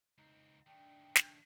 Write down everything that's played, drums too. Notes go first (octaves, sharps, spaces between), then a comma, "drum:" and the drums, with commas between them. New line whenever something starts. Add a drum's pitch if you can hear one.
C#2 C4 D#4
D#3 A3 D4 G5
drum: snare